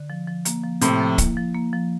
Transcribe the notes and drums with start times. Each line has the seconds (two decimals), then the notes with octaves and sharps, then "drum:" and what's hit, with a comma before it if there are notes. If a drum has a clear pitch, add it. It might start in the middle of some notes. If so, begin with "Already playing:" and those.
Already playing: D3
0.10 F3
0.28 F3
0.45 A#3, drum: hi-hat
0.63 F3
0.81 A2 C3 E4, drum: hi-hat
1.00 F3
1.18 A#3, drum: kick, hi-hat
1.37 F3
1.54 A#3
1.73 F3